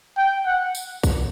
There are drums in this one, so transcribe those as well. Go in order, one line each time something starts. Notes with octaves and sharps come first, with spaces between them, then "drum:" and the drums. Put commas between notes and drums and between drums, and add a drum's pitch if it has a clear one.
G5
F#5
drum: tambourine
drum: kick, tambourine